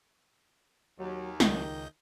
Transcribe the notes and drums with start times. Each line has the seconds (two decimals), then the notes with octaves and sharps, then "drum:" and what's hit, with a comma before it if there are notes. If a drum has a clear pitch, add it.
0.99 D#2 F#3
1.40 C#2 D#3 D#5 G6, drum: snare